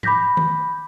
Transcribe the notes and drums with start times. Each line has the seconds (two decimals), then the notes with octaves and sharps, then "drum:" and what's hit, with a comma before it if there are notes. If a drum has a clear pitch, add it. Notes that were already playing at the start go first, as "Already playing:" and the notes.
0.03 B5 D6 G6 A#6 B6, drum: tom
0.37 drum: tom D#3